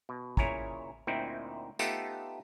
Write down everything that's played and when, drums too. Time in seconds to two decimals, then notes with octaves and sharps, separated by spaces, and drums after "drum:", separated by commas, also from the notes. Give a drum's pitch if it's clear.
0.09 B2
0.37 A#2 C#3 E4 C#5 G#5 A#5, drum: kick A1
1.07 D2 A#2 C4 D#4 E4 G5
1.79 A3 B3 D#4 F4 G4 A4, drum: tambourine